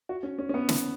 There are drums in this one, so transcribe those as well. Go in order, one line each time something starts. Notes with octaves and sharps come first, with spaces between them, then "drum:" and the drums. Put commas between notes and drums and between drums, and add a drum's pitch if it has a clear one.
F#4
C#4
C#4
C#4
B3
drum: snare